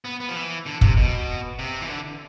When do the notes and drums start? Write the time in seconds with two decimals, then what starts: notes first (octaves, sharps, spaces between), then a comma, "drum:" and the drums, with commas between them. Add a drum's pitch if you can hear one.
0.05 B3
0.20 B3
0.29 F3
0.36 E3
0.66 D3
0.81 C3, drum: kick
0.97 B2
1.59 C3
1.82 E3
1.89 D3